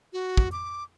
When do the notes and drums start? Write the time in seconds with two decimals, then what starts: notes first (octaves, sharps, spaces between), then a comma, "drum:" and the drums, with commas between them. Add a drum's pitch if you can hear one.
0.13 F#4
0.37 drum: kick
0.52 D6